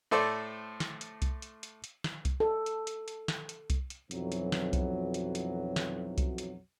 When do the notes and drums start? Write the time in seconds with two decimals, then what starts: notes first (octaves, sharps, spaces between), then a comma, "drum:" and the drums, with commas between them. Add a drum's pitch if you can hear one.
0.11 A2 A3 A4 C5 D5 D6
0.80 drum: snare
1.01 drum: hi-hat
1.22 drum: kick C2, hi-hat
1.42 drum: hi-hat
1.63 drum: hi-hat
1.84 drum: hi-hat
2.04 drum: snare
2.25 drum: kick C2, hi-hat
2.40 A4
2.66 drum: hi-hat
2.87 drum: hi-hat
3.08 drum: hi-hat
3.28 drum: snare
3.49 drum: hi-hat
3.70 drum: kick C2, hi-hat
3.90 drum: hi-hat
4.11 B1 F2 E3 F#3, drum: hi-hat
4.32 drum: hi-hat
4.52 drum: snare
4.73 drum: kick C2, hi-hat
5.14 drum: hi-hat
5.35 drum: hi-hat
5.76 drum: snare
6.18 drum: kick C2, hi-hat
6.38 drum: hi-hat